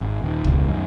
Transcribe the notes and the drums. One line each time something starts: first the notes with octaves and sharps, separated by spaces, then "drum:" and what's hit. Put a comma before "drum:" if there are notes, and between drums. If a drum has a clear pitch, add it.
G#1
D#1 D#3
E1 C#2, drum: kick
F#2 D#3